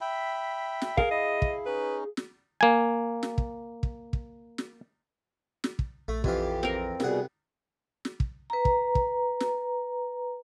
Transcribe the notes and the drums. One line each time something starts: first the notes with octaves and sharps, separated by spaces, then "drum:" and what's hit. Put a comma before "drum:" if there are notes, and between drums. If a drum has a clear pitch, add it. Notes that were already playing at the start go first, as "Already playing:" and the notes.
E5 G5 B5
drum: snare
G#4 A#4 F5, drum: kick
E4 D#5
drum: kick
C#4 D#4 B4
drum: snare
A#3 G#5
drum: snare
drum: kick
drum: kick
drum: kick
drum: snare
drum: snare
drum: kick
A#1 A3
F2 E3 G4 F5, drum: kick
C4 A#4
C2 B2 G3 G#4 F#5, drum: snare
drum: snare
drum: kick
B4 A#5
drum: kick
drum: kick
drum: snare